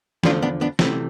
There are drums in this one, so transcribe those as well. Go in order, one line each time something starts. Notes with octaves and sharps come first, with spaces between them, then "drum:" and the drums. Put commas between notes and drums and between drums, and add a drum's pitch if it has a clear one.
E2 D3 F3 A3 D4 F4, drum: snare
B3 D4
B3 D4
C2 C3 E3 A3 C4, drum: snare